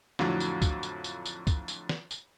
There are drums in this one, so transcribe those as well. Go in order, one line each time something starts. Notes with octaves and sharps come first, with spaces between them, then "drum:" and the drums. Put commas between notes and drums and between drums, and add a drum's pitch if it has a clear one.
F2 A2 D3 F#3, drum: snare
drum: tambourine
drum: kick, tambourine
drum: tambourine
drum: tambourine
drum: tambourine
drum: kick, tambourine
drum: tambourine
drum: snare
drum: tambourine